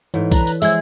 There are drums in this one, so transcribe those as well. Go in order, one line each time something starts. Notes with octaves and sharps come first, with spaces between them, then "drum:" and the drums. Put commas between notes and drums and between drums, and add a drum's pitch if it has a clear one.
G#2 E3 A3 E4 C#5
D4 B4 A#5, drum: kick B1, tambourine
drum: tambourine
F3 G#3 A3 G#4 E5 E6 G#6, drum: tambourine